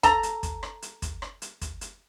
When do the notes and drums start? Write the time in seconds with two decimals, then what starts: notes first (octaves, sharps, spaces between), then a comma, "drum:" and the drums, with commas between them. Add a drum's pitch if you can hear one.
0.03 A4 A#5, drum: kick, hi-hat
0.23 drum: hi-hat
0.43 drum: kick, hi-hat
0.63 drum: rim click
0.82 drum: hi-hat
1.02 drum: kick, hi-hat
1.22 drum: rim click
1.42 drum: hi-hat
1.61 drum: kick, hi-hat
1.81 drum: hi-hat